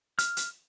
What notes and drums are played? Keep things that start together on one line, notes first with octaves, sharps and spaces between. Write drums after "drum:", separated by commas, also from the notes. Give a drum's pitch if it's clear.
F6, drum: hi-hat
drum: hi-hat